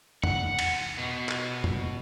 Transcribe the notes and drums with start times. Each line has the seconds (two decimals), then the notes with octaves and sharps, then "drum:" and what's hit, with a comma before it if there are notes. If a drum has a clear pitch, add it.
0.24 F#5, drum: tom E2
0.59 drum: cymbal
0.98 B2
1.29 drum: clap
1.64 drum: tom E2